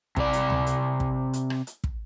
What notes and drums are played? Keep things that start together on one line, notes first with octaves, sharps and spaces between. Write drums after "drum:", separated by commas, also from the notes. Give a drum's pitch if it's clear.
C3 D5, drum: kick
drum: hi-hat
drum: tom C#2
drum: hi-hat
drum: kick
drum: hi-hat
drum: rim click
drum: hi-hat
drum: kick